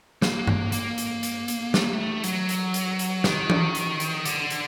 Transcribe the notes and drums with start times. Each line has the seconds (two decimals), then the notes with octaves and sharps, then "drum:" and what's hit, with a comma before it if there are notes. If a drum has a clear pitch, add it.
0.22 A#3, drum: snare
0.47 drum: tom G2
0.72 A#3, drum: hi-hat
0.98 drum: hi-hat
1.23 drum: hi-hat
1.48 drum: hi-hat
1.74 A3, drum: snare
1.84 A#3
1.93 A3
2.24 F#3, drum: hi-hat
2.49 drum: hi-hat
2.74 drum: hi-hat
2.99 drum: hi-hat
3.24 D#3, drum: snare
3.50 drum: tom E3
3.75 drum: hi-hat
4.00 drum: hi-hat
4.25 D3, drum: hi-hat
4.50 drum: hi-hat